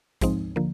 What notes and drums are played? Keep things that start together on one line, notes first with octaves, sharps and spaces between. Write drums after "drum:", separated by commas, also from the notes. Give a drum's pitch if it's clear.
G#2 F3 G#3 C4 D#4, drum: kick, hi-hat
D3 F3 A#3